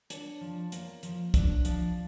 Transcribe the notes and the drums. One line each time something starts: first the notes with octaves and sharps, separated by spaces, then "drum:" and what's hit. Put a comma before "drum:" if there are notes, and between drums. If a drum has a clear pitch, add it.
D4 C#5, drum: hi-hat
F3
A#3, drum: hi-hat
F3, drum: hi-hat
D4, drum: kick, hi-hat
F3, drum: hi-hat